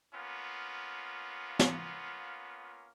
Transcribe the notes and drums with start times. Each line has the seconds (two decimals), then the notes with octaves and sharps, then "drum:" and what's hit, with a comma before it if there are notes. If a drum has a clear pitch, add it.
0.14 A#3 B3 C#4 F4
1.59 drum: snare